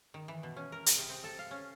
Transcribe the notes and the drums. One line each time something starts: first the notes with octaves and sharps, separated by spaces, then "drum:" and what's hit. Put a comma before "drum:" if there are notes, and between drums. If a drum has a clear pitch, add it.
D#3
E3
B2
C#4
A#4
G#4, drum: hi-hat
C3
C4
A4
F5
C#4